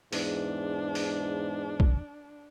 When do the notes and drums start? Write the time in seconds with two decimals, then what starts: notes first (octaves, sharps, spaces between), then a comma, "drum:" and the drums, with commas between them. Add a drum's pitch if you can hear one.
0.13 E2 G#2 D4, drum: open hi-hat
0.95 drum: open hi-hat
1.80 drum: kick B1